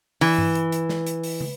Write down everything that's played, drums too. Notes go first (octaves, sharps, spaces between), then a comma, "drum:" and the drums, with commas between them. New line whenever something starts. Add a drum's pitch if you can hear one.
E3, drum: open hi-hat
drum: tom G2
drum: hi-hat
drum: hi-hat
drum: snare
drum: hi-hat
drum: open hi-hat
drum: tom